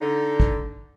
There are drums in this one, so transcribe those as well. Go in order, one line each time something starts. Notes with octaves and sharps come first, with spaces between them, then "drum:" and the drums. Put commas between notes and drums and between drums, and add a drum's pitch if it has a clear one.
D3 D#4
drum: kick